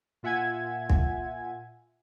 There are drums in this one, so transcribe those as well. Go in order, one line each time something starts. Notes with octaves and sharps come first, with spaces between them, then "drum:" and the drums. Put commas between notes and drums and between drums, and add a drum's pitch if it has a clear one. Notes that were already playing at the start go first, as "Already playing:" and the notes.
A#2 F4 E5 F#5 G#5 G#6
drum: kick